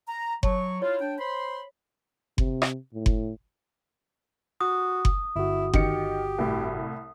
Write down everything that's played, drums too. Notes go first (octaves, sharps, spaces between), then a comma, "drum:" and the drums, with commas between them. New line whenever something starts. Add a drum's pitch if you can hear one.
A#5
F#3 C#5 A5 C#6, drum: kick F#1
E4 F4 C#5
D4 G5
C5 B5 C6
C3, drum: kick F#1
drum: rim click
A2
drum: kick F#1
F#4 D#6
drum: kick F#1
G1 E4 F#4
D#3 G4 C#7, drum: kick F#1
C2 A2